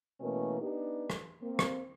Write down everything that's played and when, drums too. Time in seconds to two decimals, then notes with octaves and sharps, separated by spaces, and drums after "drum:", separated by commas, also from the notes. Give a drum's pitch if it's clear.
0.21 B2 E3 A3 A#3 C#4 A#4
0.61 B3 D4 D#4 G4
1.10 drum: rim click
1.42 A#3 C4
1.59 drum: rim click